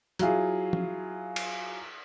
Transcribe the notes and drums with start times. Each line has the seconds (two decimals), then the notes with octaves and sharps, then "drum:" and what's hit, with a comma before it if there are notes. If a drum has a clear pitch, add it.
0.19 F#3 E4 F4 G#4, drum: hi-hat
0.73 drum: tom F3
1.36 drum: cymbal